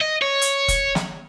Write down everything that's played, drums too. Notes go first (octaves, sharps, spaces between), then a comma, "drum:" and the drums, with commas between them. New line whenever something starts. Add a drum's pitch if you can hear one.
D#5
C#5
drum: hi-hat
drum: kick F1, hi-hat
drum: snare